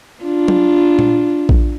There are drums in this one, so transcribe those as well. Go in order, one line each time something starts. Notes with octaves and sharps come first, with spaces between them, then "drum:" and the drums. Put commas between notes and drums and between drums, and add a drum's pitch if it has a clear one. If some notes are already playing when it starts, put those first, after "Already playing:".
D4 F4
drum: tom F#3
drum: tom A#2
drum: kick A#1